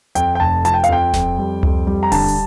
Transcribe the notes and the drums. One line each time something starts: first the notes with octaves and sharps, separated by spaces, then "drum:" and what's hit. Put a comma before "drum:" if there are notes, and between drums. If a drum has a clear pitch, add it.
F2 G5, drum: hi-hat
G5
F1 A5
F3 A5, drum: hi-hat
G5
F5, drum: hi-hat
F2 G5
F2, drum: snare E1
G3
F2, drum: tom C#2
G3
A#5
D3 A5, drum: kick D#1, open hi-hat
drum: hi-hat